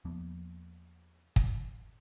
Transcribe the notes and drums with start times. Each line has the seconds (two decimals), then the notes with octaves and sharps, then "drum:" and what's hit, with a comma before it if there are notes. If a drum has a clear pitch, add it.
0.05 E2 F3 A#3 B3
1.36 drum: kick